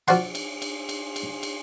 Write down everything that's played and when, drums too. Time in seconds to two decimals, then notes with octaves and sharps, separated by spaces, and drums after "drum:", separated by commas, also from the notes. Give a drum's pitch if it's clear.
0.08 F3 F#4 D5 F#5 C6, drum: cymbal
0.35 drum: cymbal
0.62 drum: cymbal
0.89 drum: cymbal
1.16 drum: cymbal
1.43 drum: cymbal